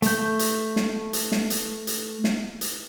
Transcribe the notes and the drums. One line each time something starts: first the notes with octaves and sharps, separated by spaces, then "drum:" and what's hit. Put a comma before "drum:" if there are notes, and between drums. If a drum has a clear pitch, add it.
A3 G6, drum: hi-hat
drum: hi-hat
drum: snare
drum: hi-hat
drum: snare
drum: hi-hat
drum: hi-hat
drum: snare
drum: hi-hat